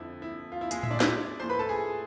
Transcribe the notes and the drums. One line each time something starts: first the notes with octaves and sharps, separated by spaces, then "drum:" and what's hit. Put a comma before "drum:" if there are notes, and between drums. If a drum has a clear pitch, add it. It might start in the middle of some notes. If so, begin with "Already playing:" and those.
Already playing: F2 D3 F3 E4
E4
F4
E4
G#3 G#4, drum: hi-hat
E5, drum: tom A2
D4 D5
E4 E5, drum: snare
A2 F3 C5 C6
B4 B5
A4 A5
G#4 G#5